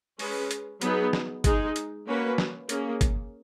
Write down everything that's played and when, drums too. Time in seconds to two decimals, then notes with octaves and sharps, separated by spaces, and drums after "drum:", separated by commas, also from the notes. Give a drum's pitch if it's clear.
0.19 G#3 C#4 G#4 B4, drum: open hi-hat
0.51 drum: hi-hat
0.81 F#3 B3 D#4 G#4, drum: hi-hat
1.13 drum: snare
1.44 G#3 D#4 G#4, drum: kick, hi-hat
1.76 drum: hi-hat
2.07 A#3 C#4 F#4 B4
2.38 drum: snare
2.69 A#3 C#4 G#4, drum: hi-hat
3.01 drum: kick, hi-hat